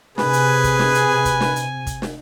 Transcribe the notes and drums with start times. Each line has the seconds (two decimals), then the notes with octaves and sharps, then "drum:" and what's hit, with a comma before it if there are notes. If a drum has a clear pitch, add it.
0.18 C3 G#4 B4 G#5, drum: snare
0.33 drum: hi-hat
0.64 drum: kick, hi-hat
0.79 drum: snare
0.95 drum: hi-hat
1.25 drum: kick, hi-hat
1.41 drum: snare
1.56 drum: hi-hat
1.87 drum: kick, hi-hat
2.02 drum: snare